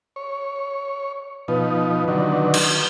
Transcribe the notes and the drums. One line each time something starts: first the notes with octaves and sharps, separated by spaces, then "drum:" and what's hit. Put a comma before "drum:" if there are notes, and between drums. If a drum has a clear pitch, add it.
C#5
B2 F3 D#4 B4
D3 D#3 F#3
drum: cymbal